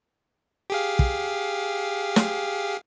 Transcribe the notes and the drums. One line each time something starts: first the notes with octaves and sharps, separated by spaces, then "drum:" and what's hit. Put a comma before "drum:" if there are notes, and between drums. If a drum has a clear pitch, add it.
G4 G#4 F5
drum: kick
drum: snare